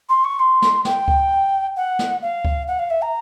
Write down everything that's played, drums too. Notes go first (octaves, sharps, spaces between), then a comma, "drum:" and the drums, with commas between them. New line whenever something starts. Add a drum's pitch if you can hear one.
C6
C#6
C6
drum: snare
G5, drum: snare
drum: kick C#2
F#5
drum: snare
F5
drum: kick C#2
F#5
F5
E5
A#5